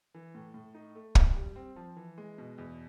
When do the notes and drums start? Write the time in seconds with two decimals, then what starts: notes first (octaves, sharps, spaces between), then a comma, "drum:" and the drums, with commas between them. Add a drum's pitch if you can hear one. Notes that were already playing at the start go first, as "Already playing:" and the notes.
0.14 E3
0.35 A2
0.54 A2
0.75 D#4
0.95 A3
1.15 F#2, drum: kick
1.36 G3
1.56 C4
1.76 F3
1.96 E3
2.18 G#3
2.38 B2
2.58 E2